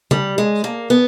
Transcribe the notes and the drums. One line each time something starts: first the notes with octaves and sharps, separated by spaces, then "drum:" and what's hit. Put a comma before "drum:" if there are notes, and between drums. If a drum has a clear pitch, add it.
G3, drum: tom C#3
G#3
A#3
B3